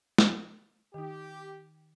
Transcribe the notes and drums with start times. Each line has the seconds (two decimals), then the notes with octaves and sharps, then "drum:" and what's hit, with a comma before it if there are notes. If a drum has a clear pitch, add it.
0.18 drum: snare
0.94 D#3 D#4 G4